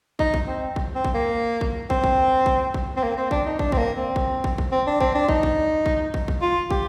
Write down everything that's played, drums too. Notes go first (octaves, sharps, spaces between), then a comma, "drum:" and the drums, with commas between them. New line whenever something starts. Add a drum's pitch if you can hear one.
D#4, drum: kick
drum: kick
C4
drum: kick
C4
drum: kick
A#3
drum: kick
C4, drum: kick
drum: kick
drum: kick
drum: kick
C4
A#3
C4
D4, drum: kick
D#4
D4, drum: kick
C4, drum: kick
A#3
C4
drum: kick
drum: kick
drum: kick
C4
D4
C4, drum: kick
D4
D#4, drum: kick
drum: kick
drum: kick
drum: kick
drum: kick
F4
G4, drum: kick